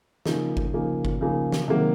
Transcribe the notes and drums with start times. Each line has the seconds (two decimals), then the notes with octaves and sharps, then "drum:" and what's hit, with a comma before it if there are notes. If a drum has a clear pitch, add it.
0.26 C#3 F3 A#3 D#4, drum: snare
0.57 drum: kick G1
0.73 C#3 F3 A#3 D#4
1.05 drum: kick G1
1.21 C#3 F3 A#3 D#4
1.52 drum: snare
1.68 C3 D#3 F#3 A#3